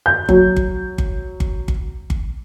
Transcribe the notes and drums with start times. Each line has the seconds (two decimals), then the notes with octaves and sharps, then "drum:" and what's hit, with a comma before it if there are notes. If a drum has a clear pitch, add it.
0.06 G6
0.29 F#3, drum: kick G1
0.56 drum: kick G1
0.98 drum: kick G1
1.40 drum: kick G1
1.68 drum: kick G1
2.10 drum: kick G1